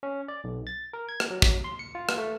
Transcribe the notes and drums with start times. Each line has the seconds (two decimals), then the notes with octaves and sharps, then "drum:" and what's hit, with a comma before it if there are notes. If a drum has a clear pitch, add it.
0.03 C#4
0.28 D5
0.44 B1
0.67 A6
0.93 A#4
1.09 G#6
1.20 drum: rim click
1.31 F#3
1.42 drum: kick
1.64 C6
1.79 C#7
1.95 F4
2.09 drum: rim click
2.18 A3